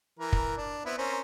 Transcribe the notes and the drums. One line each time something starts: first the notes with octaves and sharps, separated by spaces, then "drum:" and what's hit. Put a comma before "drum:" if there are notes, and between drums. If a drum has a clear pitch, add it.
E3 A#4
drum: kick
D4
B3 C4 E4
C4 C#4 A#4